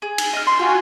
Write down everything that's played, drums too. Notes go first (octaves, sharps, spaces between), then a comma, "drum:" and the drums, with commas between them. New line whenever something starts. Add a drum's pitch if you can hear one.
G#4
drum: cymbal
D#5 F6
C6
F4 F#4 G5 G#5